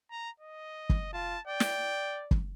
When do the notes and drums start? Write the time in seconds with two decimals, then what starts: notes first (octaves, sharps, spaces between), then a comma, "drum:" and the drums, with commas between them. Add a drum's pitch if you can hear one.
0.11 A#5
0.40 D#5
0.89 drum: kick
1.13 F4 A5
1.47 D5 G5
1.60 drum: snare
2.31 drum: kick